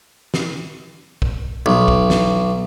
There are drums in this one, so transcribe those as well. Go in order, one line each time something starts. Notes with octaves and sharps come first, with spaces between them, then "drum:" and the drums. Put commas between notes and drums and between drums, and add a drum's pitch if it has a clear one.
drum: snare
drum: kick
B1
drum: kick
drum: snare